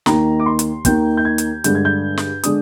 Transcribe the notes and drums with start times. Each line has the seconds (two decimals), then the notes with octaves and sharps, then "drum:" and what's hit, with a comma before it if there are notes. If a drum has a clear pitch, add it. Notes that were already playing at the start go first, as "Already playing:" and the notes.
0.06 D#2 D#3 A#3 D#4 A#5, drum: snare
0.40 D6
0.46 C6
0.59 drum: hi-hat
0.85 D#2 D#3 A#3 D#4 G6, drum: kick, hi-hat
1.17 G6
1.25 G#6
1.38 drum: hi-hat
1.64 G2 D3 G#3 D4 G6, drum: hi-hat
1.75 G#6
1.85 G6
2.17 drum: snare
2.43 D3 G#3 D4 D#6, drum: hi-hat